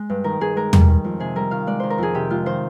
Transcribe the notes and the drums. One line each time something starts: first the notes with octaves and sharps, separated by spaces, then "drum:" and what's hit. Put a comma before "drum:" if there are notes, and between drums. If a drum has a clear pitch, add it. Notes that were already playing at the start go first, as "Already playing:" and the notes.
Already playing: G#3
G2
D#3 A#4
G2 G#4
G#3 A#4
G3, drum: tom
D#3
F2
C3 G#4
G3 A#4
D#3 F5
G#3 D5
D#3 C5
A#4
F2 G#4
C3 G4
G#3 F4
D#3 C5